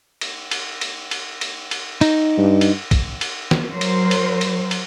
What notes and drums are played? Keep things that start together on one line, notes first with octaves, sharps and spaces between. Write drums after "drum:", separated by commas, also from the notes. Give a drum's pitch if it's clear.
drum: cymbal
drum: cymbal
drum: cymbal
drum: cymbal
drum: cymbal
drum: cymbal
D#4, drum: cymbal
G2
drum: cymbal
drum: kick, cymbal
drum: cymbal
drum: snare
F#3 A#4 C5 C#5
drum: cymbal
drum: cymbal
drum: cymbal
drum: cymbal